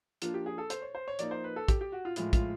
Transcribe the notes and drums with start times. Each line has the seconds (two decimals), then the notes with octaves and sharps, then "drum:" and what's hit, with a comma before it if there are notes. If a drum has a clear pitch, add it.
0.22 F3 A#3 D4 F4, drum: hi-hat
0.34 G4
0.46 G#4
0.58 A4
0.70 C5, drum: hi-hat
0.82 C#5
0.95 C5
1.08 C#5
1.19 F3 A#3 D#4 D5, drum: hi-hat
1.31 C5
1.44 B4
1.56 A4
1.68 G4, drum: kick, hi-hat
1.81 G4
1.92 F#4
2.05 F4
2.16 A2 F3 G#3 F4, drum: hi-hat
2.33 F4, drum: kick, hi-hat